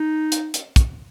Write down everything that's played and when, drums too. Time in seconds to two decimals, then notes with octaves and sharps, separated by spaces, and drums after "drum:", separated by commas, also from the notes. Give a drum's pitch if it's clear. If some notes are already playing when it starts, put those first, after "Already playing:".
Already playing: D#4
0.32 drum: hi-hat
0.54 drum: hi-hat
0.76 drum: kick, hi-hat